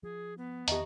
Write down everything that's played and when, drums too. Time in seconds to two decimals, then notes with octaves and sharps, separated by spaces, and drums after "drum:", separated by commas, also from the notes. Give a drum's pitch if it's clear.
0.03 F3 G#4
0.38 B3
0.68 E2 D#3 G4 D#5 E5 A#5, drum: hi-hat